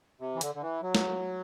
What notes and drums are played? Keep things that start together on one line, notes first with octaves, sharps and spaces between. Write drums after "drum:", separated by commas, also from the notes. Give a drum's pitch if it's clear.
C3
E3
D3, drum: hi-hat
D3
E3
F#3
drum: snare